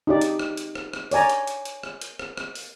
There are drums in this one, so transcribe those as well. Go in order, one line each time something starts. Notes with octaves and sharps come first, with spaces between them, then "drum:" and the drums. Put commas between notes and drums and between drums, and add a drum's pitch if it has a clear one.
D#4 G4 D5
drum: hi-hat
drum: rim click
drum: hi-hat
drum: rim click
drum: rim click
C#5 D5 G#5 A#5, drum: open hi-hat
drum: hi-hat
drum: hi-hat
drum: hi-hat
drum: rim click
drum: hi-hat
drum: rim click
drum: rim click
drum: open hi-hat